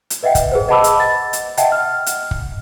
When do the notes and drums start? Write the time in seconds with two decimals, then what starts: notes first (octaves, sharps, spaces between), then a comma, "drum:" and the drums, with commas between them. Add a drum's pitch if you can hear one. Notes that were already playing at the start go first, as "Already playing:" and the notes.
0.10 drum: hi-hat
0.23 B4 D#5 E5 F#5 G5
0.35 drum: kick, hi-hat
0.52 G#4 B4 C5
0.69 D#5 F#5 A5 B5 D6 E6
0.84 drum: hi-hat
1.00 A6
1.33 drum: hi-hat
1.57 D#5 E5 F#5 G5 A5, drum: hi-hat
1.72 F6
2.06 drum: hi-hat
2.31 drum: kick